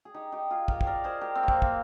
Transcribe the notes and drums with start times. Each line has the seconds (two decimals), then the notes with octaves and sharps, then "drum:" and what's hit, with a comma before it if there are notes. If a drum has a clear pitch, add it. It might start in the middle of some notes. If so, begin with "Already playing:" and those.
0.05 G#4
0.14 D#4 G4
0.32 D#4 G4
0.50 F4 G#4
0.68 G4 A#4, drum: kick
0.81 C5, drum: kick
0.86 A#4 D5
1.04 G#4 C5
1.21 G4 A#4
1.35 C4
1.43 A#3
1.48 C4, drum: kick
1.62 A#3, drum: kick